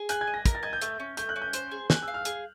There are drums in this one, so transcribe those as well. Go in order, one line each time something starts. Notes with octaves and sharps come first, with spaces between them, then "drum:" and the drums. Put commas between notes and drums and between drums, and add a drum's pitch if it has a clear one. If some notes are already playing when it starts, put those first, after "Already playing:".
Already playing: G#4
G#5 F#6, drum: hi-hat
G#6
D#5
A#6
A#4 A#6, drum: kick, hi-hat
A6
D#5 G#6
G6
A3, drum: hi-hat
C#4
A3 G6, drum: hi-hat
F#6
C#4
G6
C5, drum: hi-hat
G#4
G#4 F#6, drum: snare
E6
F5
F6
G#4, drum: hi-hat